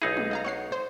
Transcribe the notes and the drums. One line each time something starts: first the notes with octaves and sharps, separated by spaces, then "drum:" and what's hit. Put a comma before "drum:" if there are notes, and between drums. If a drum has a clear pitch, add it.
B1 D#4 E4 G#4
drum: tom
D#5 F5 A#5
C#5 F#5 C7
C5